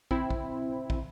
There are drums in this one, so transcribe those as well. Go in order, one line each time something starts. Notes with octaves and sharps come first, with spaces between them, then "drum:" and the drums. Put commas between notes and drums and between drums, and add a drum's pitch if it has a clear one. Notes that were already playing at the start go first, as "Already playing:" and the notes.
C4 E4, drum: kick
drum: kick
drum: kick